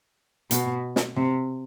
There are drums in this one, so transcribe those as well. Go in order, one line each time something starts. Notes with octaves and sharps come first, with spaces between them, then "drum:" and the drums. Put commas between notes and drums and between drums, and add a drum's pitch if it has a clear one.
B2, drum: hi-hat
drum: snare
C3